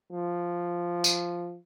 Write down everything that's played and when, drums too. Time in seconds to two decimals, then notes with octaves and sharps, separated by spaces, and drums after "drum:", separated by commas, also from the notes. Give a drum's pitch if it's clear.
0.13 F3
1.04 drum: tambourine